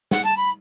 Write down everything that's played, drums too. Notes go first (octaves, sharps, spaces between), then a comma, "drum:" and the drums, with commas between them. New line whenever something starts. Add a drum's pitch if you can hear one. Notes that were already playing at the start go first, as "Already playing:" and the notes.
F#5, drum: snare
A5
B5